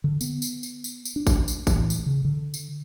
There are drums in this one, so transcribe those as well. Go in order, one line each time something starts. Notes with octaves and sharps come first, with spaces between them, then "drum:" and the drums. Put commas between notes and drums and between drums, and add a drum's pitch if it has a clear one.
D3
B3, drum: tambourine
drum: tambourine
drum: tambourine
drum: tambourine
drum: tambourine
D4
drum: kick G#1, tambourine
drum: tambourine
A1, drum: kick G#1, tambourine
drum: tambourine
C#3
D3
drum: tambourine